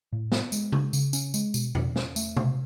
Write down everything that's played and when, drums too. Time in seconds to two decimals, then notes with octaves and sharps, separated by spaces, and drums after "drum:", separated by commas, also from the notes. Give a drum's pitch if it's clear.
0.12 A2
0.32 B3, drum: snare
0.52 G#3, drum: tambourine
0.72 C#3, drum: tom
0.93 C#3, drum: tambourine
1.13 C#4, drum: tambourine
1.34 G#3, drum: tambourine
1.54 B2, drum: tambourine
1.75 B2, drum: tom E2
1.96 C#4, drum: snare
2.16 A3, drum: tambourine
2.37 B2, drum: tom